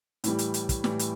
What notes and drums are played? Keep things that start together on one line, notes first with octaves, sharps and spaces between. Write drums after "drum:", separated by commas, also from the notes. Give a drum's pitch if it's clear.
A2 E3 G3, drum: hi-hat
drum: hi-hat
drum: hi-hat
drum: kick, hi-hat
A2 E3 G3, drum: snare
drum: hi-hat